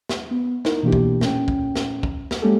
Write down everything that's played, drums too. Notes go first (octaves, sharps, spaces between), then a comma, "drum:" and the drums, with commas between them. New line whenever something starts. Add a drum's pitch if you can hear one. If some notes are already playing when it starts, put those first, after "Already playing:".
drum: snare
B3
D#4 E4 A#4, drum: snare
B2 E3 A#3 D4 E4 G4
drum: kick
A#2 A3 C#4 G5, drum: snare
drum: kick
drum: snare
drum: kick
drum: snare
G3 G#3 A#3 C#4 G4 A4